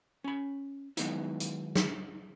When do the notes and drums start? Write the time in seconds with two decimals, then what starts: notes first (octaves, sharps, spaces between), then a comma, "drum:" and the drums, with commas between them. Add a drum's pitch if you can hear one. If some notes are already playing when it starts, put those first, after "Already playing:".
0.24 C#4 B5
0.97 D#3 F#3 G#3 B3 D#4 E4, drum: hi-hat
1.40 drum: hi-hat
1.76 drum: snare